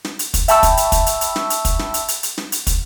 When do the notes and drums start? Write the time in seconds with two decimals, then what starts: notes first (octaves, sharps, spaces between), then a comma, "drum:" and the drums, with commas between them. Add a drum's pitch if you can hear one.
0.05 drum: snare
0.19 drum: hi-hat
0.34 drum: kick, hi-hat
0.48 E5 G5 A5 B5 C#6 E6, drum: hi-hat
0.63 drum: kick, hi-hat
0.77 drum: hi-hat
0.92 drum: kick, hi-hat
1.06 drum: hi-hat
1.21 drum: hi-hat
1.36 drum: snare
1.50 drum: hi-hat
1.65 drum: kick, hi-hat
1.79 drum: snare
1.94 drum: hi-hat
2.08 drum: hi-hat
2.23 drum: hi-hat
2.38 drum: snare
2.52 drum: hi-hat
2.67 drum: kick, hi-hat